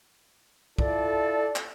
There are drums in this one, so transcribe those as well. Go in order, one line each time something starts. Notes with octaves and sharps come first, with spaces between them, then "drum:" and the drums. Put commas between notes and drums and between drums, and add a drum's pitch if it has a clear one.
E4 F4 A4 D5, drum: kick
drum: clap